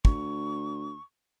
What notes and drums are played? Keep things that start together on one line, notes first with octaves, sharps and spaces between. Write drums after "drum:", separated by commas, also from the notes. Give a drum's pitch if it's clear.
D2 C#6, drum: kick